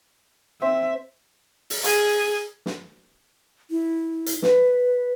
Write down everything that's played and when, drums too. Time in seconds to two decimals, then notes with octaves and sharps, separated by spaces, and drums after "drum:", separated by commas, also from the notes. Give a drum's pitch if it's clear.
0.62 C4 E5
1.70 drum: open hi-hat
1.84 G#4, drum: hi-hat
2.66 drum: snare
3.71 E4
4.26 drum: hi-hat
4.42 B4, drum: snare